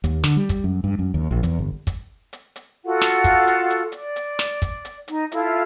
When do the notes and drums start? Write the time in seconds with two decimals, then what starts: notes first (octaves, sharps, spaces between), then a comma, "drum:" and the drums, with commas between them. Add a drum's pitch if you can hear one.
0.04 D#2, drum: hi-hat
0.24 D3, drum: snare
0.37 G3
0.49 drum: kick, hi-hat
0.64 F#2
0.84 G2
0.99 F#2
1.14 D#2
1.31 A#1
1.43 E2, drum: hi-hat
1.59 G1
1.87 drum: kick, hi-hat
2.33 drum: hi-hat
2.56 drum: hi-hat
2.84 F4 F#4 A4 F#5
3.01 drum: snare
3.24 drum: kick, hi-hat
3.47 drum: hi-hat
3.70 drum: hi-hat
3.92 D5, drum: hi-hat
4.16 drum: hi-hat
4.39 drum: snare
4.62 drum: kick, hi-hat
4.85 drum: hi-hat
5.08 D#4, drum: hi-hat
5.32 E4 F4 A4 E5, drum: hi-hat